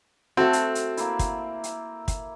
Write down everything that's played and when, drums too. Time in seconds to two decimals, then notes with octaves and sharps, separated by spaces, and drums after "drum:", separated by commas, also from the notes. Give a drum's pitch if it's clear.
0.37 A3 C4 F#4 A4
0.53 drum: hi-hat
0.75 drum: hi-hat
0.97 A#3 E4, drum: hi-hat
1.19 drum: kick, hi-hat
1.64 drum: hi-hat
2.08 drum: kick, hi-hat